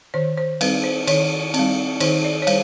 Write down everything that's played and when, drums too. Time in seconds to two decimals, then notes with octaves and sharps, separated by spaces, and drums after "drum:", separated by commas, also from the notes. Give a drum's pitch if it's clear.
0.14 D#3 C5
0.38 C5
0.61 G3 C4 B4, drum: cymbal
0.84 C5
1.07 D#3 C#5, drum: cymbal
1.54 C4, drum: cymbal
1.59 G3
2.00 D#3 C5, drum: cymbal
2.24 D5
2.42 C#5
2.47 G3 C5, drum: cymbal